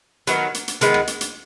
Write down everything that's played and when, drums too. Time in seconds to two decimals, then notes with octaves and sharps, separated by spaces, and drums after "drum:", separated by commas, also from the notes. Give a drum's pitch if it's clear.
0.27 D#3 F#3 B3, drum: hi-hat
0.54 drum: hi-hat
0.68 drum: hi-hat
0.81 D#3 G#3 B3, drum: hi-hat
0.94 drum: rim click
1.07 drum: hi-hat
1.21 drum: hi-hat